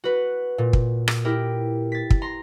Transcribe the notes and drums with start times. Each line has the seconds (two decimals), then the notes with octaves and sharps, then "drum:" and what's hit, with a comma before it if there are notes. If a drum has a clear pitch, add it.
0.04 F#4 B4
0.58 A#2
0.73 drum: kick
1.08 drum: rim click
1.25 E4 G4 A#4
1.92 A6 B6
2.10 drum: kick
2.22 A#5 C6